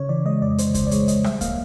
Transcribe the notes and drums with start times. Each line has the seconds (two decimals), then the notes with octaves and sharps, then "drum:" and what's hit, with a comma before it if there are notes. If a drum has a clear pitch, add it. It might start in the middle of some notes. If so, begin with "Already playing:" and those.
Already playing: C#3 C#5
0.09 E3 D5
0.25 G#3 D#5
0.42 F2 D5
0.58 C#3 C5, drum: hi-hat
0.74 E3 C5, drum: kick C#2, hi-hat
0.87 D5
0.91 G#3 C#5, drum: hi-hat
1.08 F2 D#5, drum: hi-hat
1.24 G3 E5, drum: rim click
1.41 A#3 F5, drum: kick C#2, hi-hat